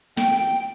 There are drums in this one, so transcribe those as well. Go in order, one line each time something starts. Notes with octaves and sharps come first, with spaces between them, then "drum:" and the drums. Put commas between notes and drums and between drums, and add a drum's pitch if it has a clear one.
G5, drum: snare